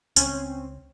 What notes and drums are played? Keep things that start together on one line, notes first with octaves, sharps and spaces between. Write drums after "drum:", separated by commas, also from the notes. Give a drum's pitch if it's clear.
C#2 C4 C#4, drum: tambourine